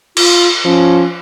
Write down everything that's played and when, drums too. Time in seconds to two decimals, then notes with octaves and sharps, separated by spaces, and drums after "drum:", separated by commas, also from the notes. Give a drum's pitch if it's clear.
0.17 F4, drum: cymbal
0.65 F3 C#4